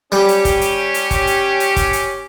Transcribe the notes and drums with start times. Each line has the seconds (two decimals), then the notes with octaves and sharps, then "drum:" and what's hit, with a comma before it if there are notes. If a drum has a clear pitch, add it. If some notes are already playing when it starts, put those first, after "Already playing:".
0.12 G3 C#4 G4
0.28 drum: hi-hat
0.45 drum: kick, hi-hat
0.61 drum: hi-hat
0.94 drum: hi-hat
1.11 drum: kick, hi-hat
1.27 drum: hi-hat
1.60 drum: hi-hat
1.76 drum: kick, hi-hat
1.93 drum: hi-hat